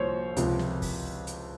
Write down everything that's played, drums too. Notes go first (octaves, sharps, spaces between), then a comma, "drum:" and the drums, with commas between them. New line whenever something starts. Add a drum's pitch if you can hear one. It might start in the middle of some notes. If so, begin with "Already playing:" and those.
Already playing: C2 A#2 F3 C5 C#5
C#2 C3 F3, drum: hi-hat
drum: snare
drum: kick, open hi-hat
drum: hi-hat